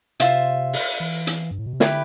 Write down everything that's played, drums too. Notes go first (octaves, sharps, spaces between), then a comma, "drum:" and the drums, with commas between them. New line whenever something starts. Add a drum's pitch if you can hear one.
C3 F4 C5 E5, drum: hi-hat
drum: open hi-hat
E3
drum: hi-hat
G2
A2
B2
C3
D3 E4 G4 B4, drum: snare